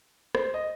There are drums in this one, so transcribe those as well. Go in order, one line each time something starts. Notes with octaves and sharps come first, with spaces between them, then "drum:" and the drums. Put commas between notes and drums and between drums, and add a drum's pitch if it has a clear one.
C5, drum: rim click
D#5